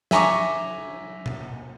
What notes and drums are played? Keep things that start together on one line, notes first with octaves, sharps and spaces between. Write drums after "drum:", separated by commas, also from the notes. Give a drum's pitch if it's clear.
E5 G#5 A#5 C#6 D6, drum: snare
drum: tom B2